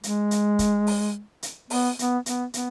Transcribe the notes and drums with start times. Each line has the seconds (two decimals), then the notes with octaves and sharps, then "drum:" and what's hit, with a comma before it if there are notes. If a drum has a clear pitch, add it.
0.03 G#3, drum: hi-hat
0.31 drum: hi-hat
0.59 drum: kick, hi-hat
0.87 drum: open hi-hat
1.43 drum: hi-hat
1.70 B3, drum: open hi-hat
1.99 B3, drum: hi-hat
2.26 B3, drum: hi-hat
2.54 B3, drum: hi-hat